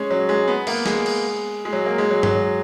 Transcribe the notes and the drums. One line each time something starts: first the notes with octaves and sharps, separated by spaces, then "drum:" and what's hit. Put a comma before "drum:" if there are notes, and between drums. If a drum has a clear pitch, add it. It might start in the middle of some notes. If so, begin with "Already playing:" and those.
Already playing: G#3 C#4
F#3
G#3
B3
A#3, drum: cymbal
G#3, drum: snare
drum: cymbal
G#3
F#3
A#3
G#3
F#3
F#3, drum: tom G2